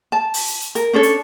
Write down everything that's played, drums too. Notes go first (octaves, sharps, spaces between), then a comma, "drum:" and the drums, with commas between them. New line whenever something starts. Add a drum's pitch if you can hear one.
A5
drum: open hi-hat
drum: hi-hat
drum: hi-hat
A#4, drum: hi-hat
C#4 D4 A4 C#5
drum: hi-hat